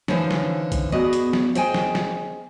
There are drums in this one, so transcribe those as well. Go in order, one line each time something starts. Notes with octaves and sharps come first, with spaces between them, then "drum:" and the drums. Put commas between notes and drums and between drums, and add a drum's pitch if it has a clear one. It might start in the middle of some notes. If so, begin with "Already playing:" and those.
D3 E3 F3 C#4 D#4 C5, drum: snare
drum: snare
drum: kick, hi-hat
B3 F#4 G#4 D5 D#5
drum: hi-hat
drum: snare
G#4 C5 D#5 G5 G#5, drum: hi-hat
drum: snare
drum: snare